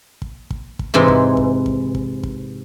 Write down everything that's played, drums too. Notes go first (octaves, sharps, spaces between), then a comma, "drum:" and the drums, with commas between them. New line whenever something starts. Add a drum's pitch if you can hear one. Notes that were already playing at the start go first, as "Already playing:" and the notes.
drum: kick
drum: kick
drum: kick
G#2 C3 E3
drum: kick
drum: kick
drum: kick
drum: kick
drum: kick